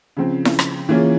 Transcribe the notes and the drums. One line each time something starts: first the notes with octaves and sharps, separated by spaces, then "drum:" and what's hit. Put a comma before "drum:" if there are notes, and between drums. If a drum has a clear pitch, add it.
C#3 F3 C4
drum: snare
drum: rim click
E3 A#3 C#4 F4 G#4